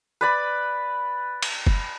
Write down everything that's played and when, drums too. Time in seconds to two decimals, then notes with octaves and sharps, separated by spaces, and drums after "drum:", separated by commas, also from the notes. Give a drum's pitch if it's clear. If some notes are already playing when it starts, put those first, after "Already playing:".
0.21 B4 D5 B5
1.42 drum: cymbal
1.67 drum: kick F#1